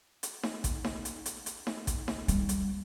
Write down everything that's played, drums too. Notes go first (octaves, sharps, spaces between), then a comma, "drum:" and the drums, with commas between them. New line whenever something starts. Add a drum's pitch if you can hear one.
drum: hi-hat
drum: snare D#4
drum: kick A1, hi-hat
drum: snare D#4
drum: hi-hat
drum: hi-hat
drum: hi-hat
drum: snare D#4
drum: kick A1, hi-hat
drum: snare D#4
G3, drum: hi-hat
drum: hi-hat